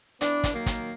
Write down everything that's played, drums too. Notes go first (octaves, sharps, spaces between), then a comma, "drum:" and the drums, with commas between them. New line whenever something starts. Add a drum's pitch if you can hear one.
E3 B3 D4, drum: hi-hat
drum: kick, hi-hat
D#3 F#3 A#3
drum: kick, hi-hat